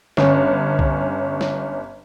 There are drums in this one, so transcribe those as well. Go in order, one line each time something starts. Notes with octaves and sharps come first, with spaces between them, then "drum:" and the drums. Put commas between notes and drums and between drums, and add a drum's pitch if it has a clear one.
G1 C#4, drum: snare
drum: kick B1
drum: snare